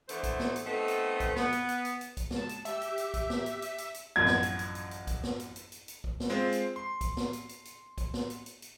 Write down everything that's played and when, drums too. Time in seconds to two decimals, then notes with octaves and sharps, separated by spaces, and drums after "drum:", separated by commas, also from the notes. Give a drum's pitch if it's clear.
0.09 D3 E3 A3 B3 C5, drum: hi-hat
0.23 drum: kick, hi-hat
0.40 drum: snare
0.56 drum: hi-hat
0.66 A3 B3 C4 D#4 A4
0.88 drum: hi-hat
1.20 drum: kick, hi-hat
1.36 B3, drum: snare
1.52 drum: hi-hat
1.69 drum: hi-hat
1.85 drum: hi-hat
2.01 drum: hi-hat
2.17 drum: kick, hi-hat
2.31 G#3 A5, drum: snare
2.49 drum: hi-hat
2.65 G4 E5, drum: hi-hat
2.81 drum: hi-hat
2.98 drum: hi-hat
3.14 drum: kick, hi-hat
3.30 drum: snare
3.46 drum: hi-hat
3.62 drum: hi-hat
3.78 drum: hi-hat
3.94 drum: hi-hat
4.16 A1 F#2 F3 G#6
4.27 drum: snare
4.43 drum: hi-hat
4.59 drum: hi-hat
4.75 drum: hi-hat
4.91 drum: hi-hat
5.07 drum: kick, hi-hat
5.23 drum: snare
5.40 drum: hi-hat
5.56 drum: hi-hat
5.72 drum: hi-hat
5.88 drum: hi-hat
6.04 drum: kick
6.20 drum: snare
6.30 G#3 C4 F4 C5
6.52 drum: hi-hat
6.76 C6
7.01 drum: kick, hi-hat
7.17 drum: snare
7.33 drum: hi-hat
7.49 drum: hi-hat
7.65 drum: hi-hat
7.98 drum: kick, hi-hat
8.14 drum: snare
8.30 drum: hi-hat
8.46 drum: hi-hat
8.62 drum: hi-hat